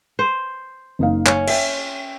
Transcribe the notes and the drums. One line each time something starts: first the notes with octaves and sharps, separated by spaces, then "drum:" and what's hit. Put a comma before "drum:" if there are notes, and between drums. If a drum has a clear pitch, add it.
C5
F#1 D#4 F5
C#4, drum: clap
E5 G5, drum: cymbal